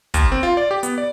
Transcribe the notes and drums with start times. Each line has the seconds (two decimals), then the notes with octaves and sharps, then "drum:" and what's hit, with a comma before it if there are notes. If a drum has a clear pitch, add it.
0.14 D#2, drum: kick, hi-hat
0.32 C4
0.43 F4
0.57 D5
0.71 G4
0.83 B3, drum: hi-hat
0.98 D5